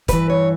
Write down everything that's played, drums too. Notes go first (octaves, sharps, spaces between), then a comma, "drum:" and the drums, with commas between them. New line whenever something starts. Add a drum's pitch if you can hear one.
G2 E3 B4, drum: kick, hi-hat
C#5